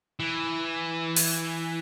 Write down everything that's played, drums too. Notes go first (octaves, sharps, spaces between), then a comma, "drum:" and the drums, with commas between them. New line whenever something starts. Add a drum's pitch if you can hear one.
E3
drum: open hi-hat